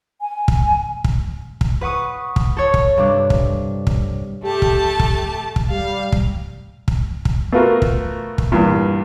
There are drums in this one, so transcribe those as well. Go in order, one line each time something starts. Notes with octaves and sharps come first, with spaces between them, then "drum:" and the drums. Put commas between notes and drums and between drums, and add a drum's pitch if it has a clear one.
G#5
drum: kick
drum: kick
drum: kick
B4 F#5 C#6 D#6
drum: kick
A4 C#5
drum: kick
G2 C3 D4
drum: kick
drum: kick
A3 G4 A5
drum: kick
drum: kick
drum: kick
G3 F5
drum: kick
drum: kick
drum: kick
A3 B3 F4 F#4 A#4
drum: kick
drum: kick
E2 G2 A#2